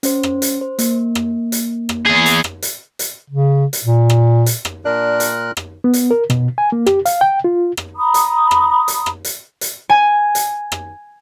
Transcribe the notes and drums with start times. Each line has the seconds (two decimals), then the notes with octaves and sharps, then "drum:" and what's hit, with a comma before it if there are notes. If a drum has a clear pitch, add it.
0.03 C#4 C5, drum: hi-hat
0.23 drum: rim click
0.42 drum: hi-hat
0.61 C5
0.79 A#3, drum: hi-hat
1.15 drum: rim click
1.52 drum: hi-hat
1.89 drum: rim click
2.06 E2 G#4
2.26 drum: hi-hat
2.44 drum: rim click
2.62 drum: hi-hat
2.99 drum: hi-hat
3.30 C#3
3.73 drum: hi-hat
3.84 A#2
4.10 drum: rim click
4.46 drum: hi-hat
4.65 drum: rim click
4.85 A#2 D4 A#4 F#6
5.20 drum: hi-hat
5.57 drum: rim click
5.84 B3
5.93 drum: hi-hat
6.11 A#4
6.30 B2, drum: rim click
6.58 G#5
6.72 A#3
6.87 G4, drum: rim click
7.06 F5, drum: hi-hat
7.21 G5
7.44 F4
7.77 drum: rim click
7.96 A#5 B5 D#6
8.14 drum: hi-hat
8.51 drum: rim click
8.88 drum: hi-hat
9.06 drum: rim click
9.25 drum: hi-hat
9.61 drum: hi-hat
9.90 G#5
10.35 drum: hi-hat
10.72 drum: rim click